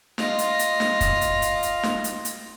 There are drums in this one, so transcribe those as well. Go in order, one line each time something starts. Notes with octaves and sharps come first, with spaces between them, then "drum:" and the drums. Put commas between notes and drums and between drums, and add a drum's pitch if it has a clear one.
F4 D#5, drum: snare
drum: hi-hat
drum: hi-hat
drum: snare
drum: kick, hi-hat
drum: hi-hat
drum: hi-hat
drum: hi-hat
drum: snare
drum: hi-hat
drum: hi-hat